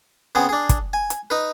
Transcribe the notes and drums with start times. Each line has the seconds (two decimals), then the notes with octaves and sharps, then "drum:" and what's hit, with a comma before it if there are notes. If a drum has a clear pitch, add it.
0.35 C#3 B3 C4 G#4
0.49 D4 G#4
0.69 drum: kick, hi-hat
0.93 G#5
1.10 drum: hi-hat
1.30 D#4 B4